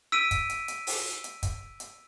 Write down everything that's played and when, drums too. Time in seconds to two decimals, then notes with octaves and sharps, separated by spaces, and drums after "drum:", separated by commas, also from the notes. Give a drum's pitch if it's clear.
0.12 E6 B6 D7 D#7
0.31 drum: kick, hi-hat
0.50 drum: hi-hat
0.68 drum: hi-hat
0.87 drum: open hi-hat
1.24 drum: hi-hat
1.43 drum: kick, hi-hat
1.80 drum: hi-hat